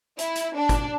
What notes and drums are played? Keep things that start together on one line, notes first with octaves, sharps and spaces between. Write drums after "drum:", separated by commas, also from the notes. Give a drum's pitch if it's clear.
E4, drum: hi-hat
drum: hi-hat
D4
drum: kick, hi-hat